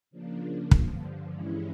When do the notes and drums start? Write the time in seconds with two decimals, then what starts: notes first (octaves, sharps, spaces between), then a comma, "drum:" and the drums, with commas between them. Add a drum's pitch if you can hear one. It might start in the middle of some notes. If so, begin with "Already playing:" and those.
0.11 C#3 F3 A#3 D4
0.71 G2 D3 F3, drum: kick
1.32 G2 E3 G#3 C#4 E4